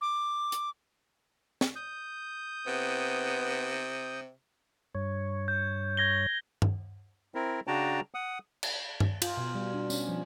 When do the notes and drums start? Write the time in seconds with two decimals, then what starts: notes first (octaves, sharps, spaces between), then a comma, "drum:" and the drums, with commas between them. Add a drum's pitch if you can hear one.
0.01 D6
0.52 drum: hi-hat
1.61 drum: snare
1.76 D#6 G6
2.67 C3 B3
4.95 G2 C#5
5.48 G6
5.97 G#6 A#6 G7
6.62 drum: tom G2
7.35 C4 E4 A#4
7.67 C#3 D4 F#4 G5 A5 A#5
8.14 F#5 D#6
8.63 drum: cymbal
9.00 drum: tom G2
9.22 F4, drum: cymbal
9.37 B2
9.55 G3
9.74 D4
9.90 C#4, drum: tambourine
10.09 F3